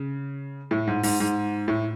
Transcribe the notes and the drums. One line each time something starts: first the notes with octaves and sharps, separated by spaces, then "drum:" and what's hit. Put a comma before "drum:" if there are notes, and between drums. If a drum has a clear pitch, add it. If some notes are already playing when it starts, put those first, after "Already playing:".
Already playing: C#3
A2
G#2
G#2, drum: open hi-hat
G#2
A2